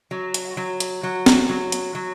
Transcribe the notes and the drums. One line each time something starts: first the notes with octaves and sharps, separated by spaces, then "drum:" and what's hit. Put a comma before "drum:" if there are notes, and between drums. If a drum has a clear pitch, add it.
F#3
drum: hi-hat
F#3
drum: hi-hat
F#3
drum: snare
F#3
drum: hi-hat
F#3